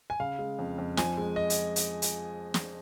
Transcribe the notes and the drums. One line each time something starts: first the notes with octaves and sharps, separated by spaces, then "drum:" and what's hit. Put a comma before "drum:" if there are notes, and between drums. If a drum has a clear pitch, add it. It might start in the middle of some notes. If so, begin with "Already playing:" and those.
G#5
C#3 F5
G#3
F2
F2
F3 G#5, drum: snare
G#3
D#5
drum: hi-hat
drum: hi-hat
drum: hi-hat
drum: snare